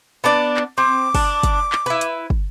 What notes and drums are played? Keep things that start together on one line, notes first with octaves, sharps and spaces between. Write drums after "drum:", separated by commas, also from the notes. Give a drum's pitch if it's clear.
B3 D4 D5
drum: clap
C4 D6
D4, drum: kick, open hi-hat
drum: kick, hi-hat
drum: clap
E4 B4
drum: hi-hat
drum: kick